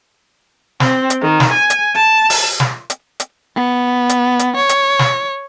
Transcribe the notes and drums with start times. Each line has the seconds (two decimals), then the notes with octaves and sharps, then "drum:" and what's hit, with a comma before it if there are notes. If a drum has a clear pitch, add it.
0.80 C4, drum: snare
1.10 drum: hi-hat
1.22 D#3
1.40 drum: snare
1.52 G#5
1.70 drum: hi-hat
1.95 A5
2.30 drum: open hi-hat
2.60 drum: snare
2.90 drum: hi-hat
3.20 drum: hi-hat
3.56 B3
4.09 drum: hi-hat
4.39 drum: hi-hat
4.56 C#5
4.69 drum: hi-hat
4.99 drum: snare